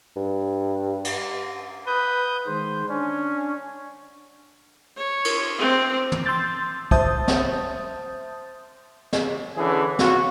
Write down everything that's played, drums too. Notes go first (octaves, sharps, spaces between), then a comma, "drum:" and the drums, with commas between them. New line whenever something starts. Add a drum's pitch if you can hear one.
G2
drum: cymbal
B4 D#6 G6
D#3 G#3 C5
C#4 D4
C#5
drum: cymbal
C4
drum: tom
C6 E6 G6 A6
C5 E5 A5 D#6 G6 A6, drum: kick
drum: snare
drum: snare
D3 E3 C#4 G#4
F4 F#4, drum: snare